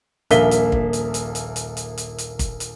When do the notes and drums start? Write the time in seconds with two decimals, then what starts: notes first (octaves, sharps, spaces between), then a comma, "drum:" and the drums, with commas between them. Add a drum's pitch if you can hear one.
0.30 D#1 A#1 A#3 E5 B6 G7, drum: hi-hat
0.51 drum: hi-hat
0.72 drum: kick
0.93 drum: hi-hat
1.14 drum: hi-hat
1.35 drum: hi-hat
1.56 drum: hi-hat
1.77 drum: hi-hat
1.98 drum: hi-hat
2.18 drum: hi-hat
2.39 drum: kick, hi-hat
2.60 drum: hi-hat